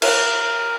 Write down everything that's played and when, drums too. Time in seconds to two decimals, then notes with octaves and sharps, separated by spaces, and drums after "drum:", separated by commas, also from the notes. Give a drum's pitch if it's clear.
0.02 A#4, drum: cymbal